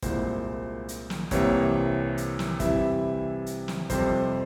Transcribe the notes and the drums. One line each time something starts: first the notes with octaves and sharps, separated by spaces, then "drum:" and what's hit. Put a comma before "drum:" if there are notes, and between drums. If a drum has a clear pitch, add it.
C2 A#2 G#3 E4 C5, drum: kick, hi-hat
drum: hi-hat
drum: snare
C2 C3 E3 A#3 C#5, drum: kick, hi-hat
drum: hi-hat
drum: snare
C3 E3 G3 C4 E4 E5, drum: kick, hi-hat
drum: hi-hat
drum: snare
F2 C3 G3 C5, drum: kick, hi-hat